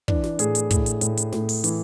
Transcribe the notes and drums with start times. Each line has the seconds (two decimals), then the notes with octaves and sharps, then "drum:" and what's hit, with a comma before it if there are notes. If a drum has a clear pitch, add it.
0.08 E3 D4, drum: kick
0.24 drum: snare
0.39 A2 G#4, drum: hi-hat
0.55 drum: hi-hat
0.71 A2, drum: kick, hi-hat
0.86 drum: hi-hat
1.01 A2, drum: hi-hat
1.17 drum: hi-hat
1.32 A2, drum: snare
1.49 drum: open hi-hat
1.64 E3, drum: hi-hat